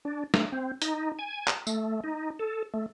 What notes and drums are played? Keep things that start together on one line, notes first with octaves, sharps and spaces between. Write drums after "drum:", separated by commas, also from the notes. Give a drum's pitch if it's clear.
D4
A3, drum: snare
C4
D#4, drum: hi-hat
G#5
drum: clap
A3, drum: tambourine
D#4
A4
A3